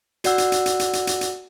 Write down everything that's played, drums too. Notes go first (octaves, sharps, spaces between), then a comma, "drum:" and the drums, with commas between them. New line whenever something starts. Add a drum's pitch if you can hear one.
F#4 D5 F#5 E6, drum: hi-hat
drum: hi-hat
drum: hi-hat
drum: hi-hat
drum: hi-hat
drum: hi-hat
drum: hi-hat
drum: hi-hat